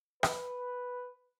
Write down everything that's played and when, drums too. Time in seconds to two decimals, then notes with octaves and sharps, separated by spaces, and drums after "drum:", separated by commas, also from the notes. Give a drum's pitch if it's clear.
0.23 B4, drum: rim click